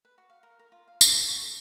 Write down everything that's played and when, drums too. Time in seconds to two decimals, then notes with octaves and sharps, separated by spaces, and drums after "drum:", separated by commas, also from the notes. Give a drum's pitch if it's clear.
0.05 B4
0.18 F#4
0.30 F5
0.43 A#4
0.59 A#4
0.72 F4
0.88 F5
1.01 D#6, drum: tambourine
1.14 F#4
1.28 C#6
1.42 A4